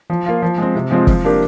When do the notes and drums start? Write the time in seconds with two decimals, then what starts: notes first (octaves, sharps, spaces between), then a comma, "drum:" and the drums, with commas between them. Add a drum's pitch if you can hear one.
0.10 F3
0.26 A#3 F4
0.42 F3
0.58 G#3 C4
0.75 C3
0.91 F3 G#3 C4 F4
1.07 F3, drum: kick
1.25 A#3 D4 G4 A#4